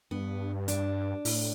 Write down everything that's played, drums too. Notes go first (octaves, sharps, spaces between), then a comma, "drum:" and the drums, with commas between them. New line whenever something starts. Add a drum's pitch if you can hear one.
G2 B3
D4, drum: hi-hat
A2, drum: open hi-hat